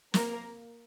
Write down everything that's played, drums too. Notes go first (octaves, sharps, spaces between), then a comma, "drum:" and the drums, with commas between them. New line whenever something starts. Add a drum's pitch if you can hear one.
A#3 A#4, drum: snare